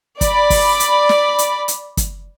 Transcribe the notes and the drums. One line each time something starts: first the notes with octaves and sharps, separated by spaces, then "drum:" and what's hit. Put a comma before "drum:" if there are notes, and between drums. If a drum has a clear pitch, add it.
D5 B5, drum: kick, hi-hat
drum: kick, open hi-hat
drum: hi-hat
drum: snare
drum: hi-hat
drum: hi-hat
drum: kick, hi-hat